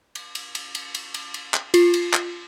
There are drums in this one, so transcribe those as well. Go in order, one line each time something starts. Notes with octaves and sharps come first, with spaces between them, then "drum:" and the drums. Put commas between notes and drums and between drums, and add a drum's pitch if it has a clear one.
drum: cymbal
drum: cymbal
drum: cymbal
drum: cymbal
drum: cymbal
drum: cymbal
drum: cymbal
drum: clap
F4 C7, drum: cymbal
drum: cymbal
drum: clap